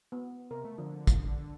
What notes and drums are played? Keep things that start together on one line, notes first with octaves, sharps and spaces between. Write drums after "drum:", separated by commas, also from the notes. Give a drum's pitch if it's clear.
B3
C3 A#4
A3
D3 F3
drum: kick, hi-hat